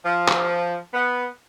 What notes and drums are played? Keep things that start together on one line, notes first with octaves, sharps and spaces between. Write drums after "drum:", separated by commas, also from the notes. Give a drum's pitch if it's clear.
F3
drum: clap
B3